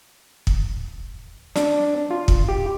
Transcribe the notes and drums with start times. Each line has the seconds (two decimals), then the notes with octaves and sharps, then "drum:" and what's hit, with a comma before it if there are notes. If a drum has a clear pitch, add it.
0.47 drum: kick
1.56 D4, drum: snare
2.11 F4
2.28 drum: kick
2.48 G4